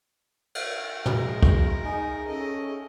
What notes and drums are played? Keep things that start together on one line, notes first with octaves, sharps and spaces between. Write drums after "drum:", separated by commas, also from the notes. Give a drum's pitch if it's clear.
drum: cymbal
G#3 F#4 A#4, drum: tom
drum: kick
D#4 G#4 G#5
C#4 A4 D#5